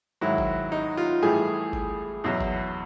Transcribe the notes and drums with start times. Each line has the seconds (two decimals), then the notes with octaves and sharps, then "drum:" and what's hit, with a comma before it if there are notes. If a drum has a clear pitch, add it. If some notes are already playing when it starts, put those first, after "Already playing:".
0.21 G#2 D#3 F#3 E4
0.38 drum: kick G1
0.72 D#4
0.97 F4
1.22 A2 E3 G3 G#4
1.73 drum: kick G1
2.24 E2 B2 F#3
2.41 drum: kick G1